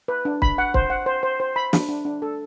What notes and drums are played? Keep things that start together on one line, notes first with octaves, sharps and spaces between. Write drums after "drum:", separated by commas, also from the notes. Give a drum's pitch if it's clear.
B4
D4
B5, drum: kick
F#5
C5, drum: kick
F#5
C5
C5
C5
B5
D4, drum: snare
D4
D4
A4